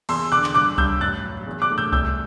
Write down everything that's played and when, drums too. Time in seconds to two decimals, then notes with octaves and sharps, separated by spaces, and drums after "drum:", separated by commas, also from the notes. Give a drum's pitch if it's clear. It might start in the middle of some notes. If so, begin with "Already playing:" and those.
0.09 E2 C6 E6, drum: open hi-hat
0.32 D3 D6 F#6
0.44 drum: clap
0.54 G2 D6 F#6
0.78 G2 E6 G6, drum: kick C2
1.01 A1 F#6 A6, drum: tom E2
1.24 F#3
1.46 E2
1.62 D6 F#6
1.70 A3
1.78 E6 G6
1.92 C2 E6 G6, drum: kick C2